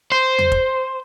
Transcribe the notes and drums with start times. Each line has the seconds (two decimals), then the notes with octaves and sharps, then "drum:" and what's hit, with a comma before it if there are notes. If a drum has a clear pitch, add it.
0.12 C5
0.38 drum: tom E2
0.52 drum: kick